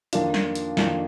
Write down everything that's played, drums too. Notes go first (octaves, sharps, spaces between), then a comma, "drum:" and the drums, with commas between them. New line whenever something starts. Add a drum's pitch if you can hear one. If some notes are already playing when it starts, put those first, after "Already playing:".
F2 D#3 A#3 D4 F4, drum: hi-hat
drum: snare
drum: hi-hat
F2 D#3 A#3 D4 F4, drum: snare